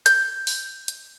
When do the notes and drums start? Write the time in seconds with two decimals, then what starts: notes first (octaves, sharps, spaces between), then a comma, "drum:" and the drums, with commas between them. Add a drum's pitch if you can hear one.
0.06 G6, drum: hi-hat
0.47 drum: open hi-hat
0.88 drum: hi-hat